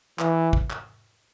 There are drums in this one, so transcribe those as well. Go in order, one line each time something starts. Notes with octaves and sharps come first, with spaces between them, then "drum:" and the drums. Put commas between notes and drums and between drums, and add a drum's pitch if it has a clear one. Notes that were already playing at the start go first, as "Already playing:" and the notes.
E3, drum: clap
drum: kick
drum: clap